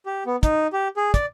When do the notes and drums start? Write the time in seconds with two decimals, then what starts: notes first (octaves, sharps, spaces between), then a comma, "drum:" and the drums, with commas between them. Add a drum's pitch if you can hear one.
0.06 G4
0.26 B3
0.43 D#4, drum: kick, hi-hat
0.73 G4
0.97 G#4
1.14 D5, drum: kick, hi-hat